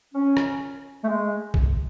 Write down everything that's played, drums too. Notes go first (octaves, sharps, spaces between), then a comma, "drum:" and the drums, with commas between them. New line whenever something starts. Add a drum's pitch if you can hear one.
C#4
drum: rim click
A3
G#3
drum: kick A#1